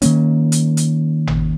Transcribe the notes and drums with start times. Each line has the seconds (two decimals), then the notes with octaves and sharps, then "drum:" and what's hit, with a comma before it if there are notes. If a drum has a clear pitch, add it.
0.02 D#3 A#3 C#4, drum: hi-hat
0.52 drum: hi-hat
0.77 drum: hi-hat
1.27 drum: tom G#1